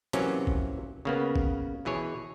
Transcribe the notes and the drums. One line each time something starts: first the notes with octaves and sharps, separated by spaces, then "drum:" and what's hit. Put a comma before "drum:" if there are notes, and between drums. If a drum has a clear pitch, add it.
C3 E3 F#3 A#3 C#4, drum: hi-hat
drum: kick
C#3 A#3 B3
drum: kick
B2 E3 G#4 C#5